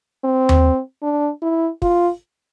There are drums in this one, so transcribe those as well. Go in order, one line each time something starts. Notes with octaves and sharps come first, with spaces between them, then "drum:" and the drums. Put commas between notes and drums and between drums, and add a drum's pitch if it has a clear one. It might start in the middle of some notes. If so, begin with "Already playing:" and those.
C4
drum: tom D#2
D4
E4
F4, drum: kick